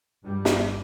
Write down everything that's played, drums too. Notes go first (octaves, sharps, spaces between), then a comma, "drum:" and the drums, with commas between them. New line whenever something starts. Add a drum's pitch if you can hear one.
G2 G3
drum: snare